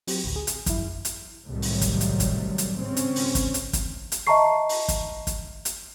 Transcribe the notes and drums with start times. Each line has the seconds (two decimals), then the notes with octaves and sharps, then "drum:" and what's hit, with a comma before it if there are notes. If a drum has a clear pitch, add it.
0.07 F#3 C4 G4, drum: open hi-hat
0.24 A1 D2
0.36 G#4
0.47 drum: hi-hat
0.66 F#2 E4, drum: kick, hi-hat
1.05 drum: hi-hat
1.47 C2 A2 C3 D#3 F#3 G3
1.62 drum: open hi-hat
1.81 drum: kick, hi-hat
2.01 drum: hi-hat
2.20 drum: kick, hi-hat
2.58 drum: hi-hat
2.79 G#2 C#3 C4 C#4
2.97 drum: hi-hat
3.16 drum: open hi-hat
3.35 drum: kick, hi-hat
3.54 drum: hi-hat
3.73 drum: kick, hi-hat
4.12 drum: hi-hat
4.27 D#5 E5 A5 A#5 C#6 C7
4.69 drum: open hi-hat
4.88 drum: kick, hi-hat
5.27 drum: kick, hi-hat
5.65 drum: hi-hat